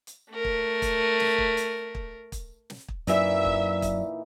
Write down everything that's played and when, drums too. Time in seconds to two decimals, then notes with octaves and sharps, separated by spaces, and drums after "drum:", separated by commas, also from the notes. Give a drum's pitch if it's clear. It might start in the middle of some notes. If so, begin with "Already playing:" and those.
0.07 drum: hi-hat
0.32 A3 A#4
0.45 drum: kick
0.82 drum: kick, hi-hat
1.20 drum: snare
1.38 drum: kick
1.57 drum: hi-hat
1.95 drum: kick
2.32 drum: kick, hi-hat
2.70 drum: snare
2.88 drum: kick
3.07 F#2 A#2 E3 F#3 D#4 D5 E5, drum: hi-hat
3.45 drum: kick
3.82 drum: kick, hi-hat